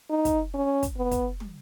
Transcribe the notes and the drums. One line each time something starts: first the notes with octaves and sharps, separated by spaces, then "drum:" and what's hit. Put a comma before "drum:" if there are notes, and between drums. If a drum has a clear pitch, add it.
D#4
drum: kick, hi-hat
C#4
drum: kick, hi-hat
B3
drum: kick, hi-hat
drum: tom